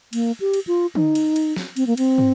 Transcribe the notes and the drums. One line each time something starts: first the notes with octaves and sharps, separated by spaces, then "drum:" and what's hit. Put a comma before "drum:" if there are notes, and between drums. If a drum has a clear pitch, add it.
A#3, drum: cymbal
G4
drum: cymbal
F4
D#4, drum: tom D3
drum: cymbal
drum: cymbal
drum: snare
C4, drum: cymbal
A#3
C4, drum: cymbal
drum: tom